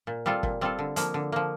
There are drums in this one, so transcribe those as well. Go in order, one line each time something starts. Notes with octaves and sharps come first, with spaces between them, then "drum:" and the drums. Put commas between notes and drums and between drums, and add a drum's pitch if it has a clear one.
A#2
G3 C4 F4 A4
A#2, drum: kick
G3 C4 F4 A4
D3
F3 A#3, drum: hi-hat
D3
F3 A#3